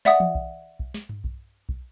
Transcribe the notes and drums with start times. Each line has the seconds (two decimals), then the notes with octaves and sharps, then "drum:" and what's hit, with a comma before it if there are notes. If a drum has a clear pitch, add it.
0.05 D5 E5 F#5 D#6, drum: snare
0.20 drum: tom E3
0.35 drum: kick B1
0.80 drum: kick B1
0.94 drum: snare
1.09 drum: tom G2
1.24 drum: kick B1
1.69 drum: kick B1